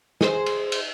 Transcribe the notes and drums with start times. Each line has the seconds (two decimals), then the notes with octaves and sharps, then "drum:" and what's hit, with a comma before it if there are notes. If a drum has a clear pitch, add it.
0.21 G#4 C5, drum: snare
0.46 drum: cymbal
0.72 drum: cymbal